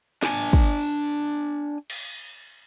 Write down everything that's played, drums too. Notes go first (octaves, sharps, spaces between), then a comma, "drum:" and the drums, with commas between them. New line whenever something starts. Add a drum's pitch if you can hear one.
D4 G#5, drum: snare
drum: kick
drum: cymbal